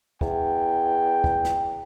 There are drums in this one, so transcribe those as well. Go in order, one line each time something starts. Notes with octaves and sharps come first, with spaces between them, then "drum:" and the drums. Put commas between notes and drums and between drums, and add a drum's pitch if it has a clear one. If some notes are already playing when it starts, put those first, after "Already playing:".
E2 G5, drum: kick
drum: kick
drum: snare